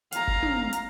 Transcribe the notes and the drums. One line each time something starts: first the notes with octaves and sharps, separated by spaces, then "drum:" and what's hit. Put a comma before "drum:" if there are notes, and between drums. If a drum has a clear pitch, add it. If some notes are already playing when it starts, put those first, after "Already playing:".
F5 A#5, drum: hi-hat
drum: kick F#1
drum: tom
drum: hi-hat